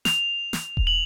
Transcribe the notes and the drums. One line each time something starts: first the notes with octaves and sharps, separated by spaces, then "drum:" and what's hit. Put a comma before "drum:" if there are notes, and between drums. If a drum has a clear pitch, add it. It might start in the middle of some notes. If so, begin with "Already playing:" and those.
F7, drum: snare
drum: snare
drum: kick D#1
F#7